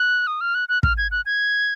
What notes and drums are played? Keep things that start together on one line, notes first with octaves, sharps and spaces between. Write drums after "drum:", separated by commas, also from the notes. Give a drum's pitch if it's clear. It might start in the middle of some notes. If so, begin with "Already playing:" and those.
Already playing: F#6
D#6
F6
F#6
F#6
F6, drum: kick
G#6
F#6
G#6